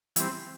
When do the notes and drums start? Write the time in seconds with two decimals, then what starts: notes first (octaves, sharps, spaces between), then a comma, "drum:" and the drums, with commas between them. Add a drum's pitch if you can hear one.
0.16 E3 G3 C4, drum: hi-hat